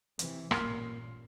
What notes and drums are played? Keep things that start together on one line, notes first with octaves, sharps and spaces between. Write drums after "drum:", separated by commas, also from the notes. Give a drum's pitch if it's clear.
C3 E3, drum: hi-hat
A1 G2 A#2 A#3 C6 F6, drum: rim click